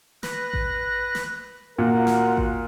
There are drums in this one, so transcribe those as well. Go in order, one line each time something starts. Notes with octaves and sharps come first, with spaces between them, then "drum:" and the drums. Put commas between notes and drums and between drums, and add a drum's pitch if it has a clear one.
B4 F#6 A#6, drum: snare
drum: kick A1
drum: snare
A#2 F4 F#4 A#4 F#5
drum: snare
drum: kick A1